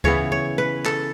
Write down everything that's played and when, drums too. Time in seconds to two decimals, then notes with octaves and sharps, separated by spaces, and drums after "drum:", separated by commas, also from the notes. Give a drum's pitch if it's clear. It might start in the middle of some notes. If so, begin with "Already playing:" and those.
0.04 C#3 E3 B3 E4 C#5, drum: kick D2
0.32 C#5
0.58 B4
0.85 A4, drum: clap